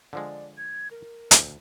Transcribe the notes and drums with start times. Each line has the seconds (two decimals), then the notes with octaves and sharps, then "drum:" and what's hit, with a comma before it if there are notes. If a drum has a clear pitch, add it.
0.13 D3 F3 G#3 D5
0.57 G#6
0.91 A#4
1.31 D2, drum: hi-hat